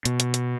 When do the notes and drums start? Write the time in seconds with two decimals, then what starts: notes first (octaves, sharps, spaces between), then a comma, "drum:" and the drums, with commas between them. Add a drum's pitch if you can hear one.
0.05 B2, drum: hi-hat
0.20 drum: hi-hat
0.34 drum: hi-hat